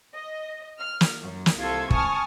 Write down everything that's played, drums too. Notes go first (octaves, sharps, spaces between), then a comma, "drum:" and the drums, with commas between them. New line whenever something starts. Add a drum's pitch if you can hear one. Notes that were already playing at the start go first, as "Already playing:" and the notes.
D#5
F6
drum: snare
F#2
drum: snare
C2 F4 A4 G#6
G#5 A5 C#6 D#6 F6, drum: kick